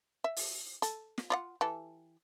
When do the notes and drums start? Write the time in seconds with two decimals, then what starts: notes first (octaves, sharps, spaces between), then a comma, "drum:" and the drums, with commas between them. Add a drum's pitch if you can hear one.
0.24 E5
0.36 drum: open hi-hat
0.82 A4, drum: hi-hat
1.18 drum: snare
1.30 F4 D5 F#5
1.61 E3 G4 A4